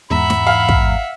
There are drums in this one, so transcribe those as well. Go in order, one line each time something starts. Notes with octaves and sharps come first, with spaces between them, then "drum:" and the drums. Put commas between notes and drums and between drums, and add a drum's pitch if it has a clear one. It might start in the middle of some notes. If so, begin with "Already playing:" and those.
E2 G#2 E5 F#5 A#5 B5
drum: snare
F5
drum: kick